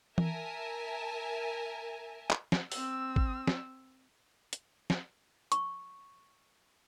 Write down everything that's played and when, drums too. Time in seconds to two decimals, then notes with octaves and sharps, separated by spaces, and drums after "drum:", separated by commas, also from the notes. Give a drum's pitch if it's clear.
0.18 A#4 E5 G#5 A5, drum: tom E3
2.31 drum: clap
2.52 drum: snare
2.72 C4 E6, drum: open hi-hat
3.16 drum: kick
3.47 drum: snare
4.53 drum: hi-hat
4.90 drum: snare
5.52 C#6, drum: hi-hat